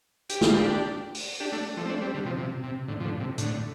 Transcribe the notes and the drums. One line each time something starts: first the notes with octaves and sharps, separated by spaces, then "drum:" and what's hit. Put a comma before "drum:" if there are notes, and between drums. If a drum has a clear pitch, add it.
G4, drum: hi-hat
F4, drum: snare
D4 G4
drum: open hi-hat
D4 G4
A3 D4
F3 A3
C4
A3 D4
G3 C4
D3 G3
C3 F3
C3
C3
A2 D3
F3
A2 D3
C3
A2 D3, drum: hi-hat